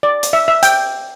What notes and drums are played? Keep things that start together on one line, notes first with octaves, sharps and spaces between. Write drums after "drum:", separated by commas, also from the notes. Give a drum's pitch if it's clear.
D5
drum: hi-hat
E5
E5
G5, drum: hi-hat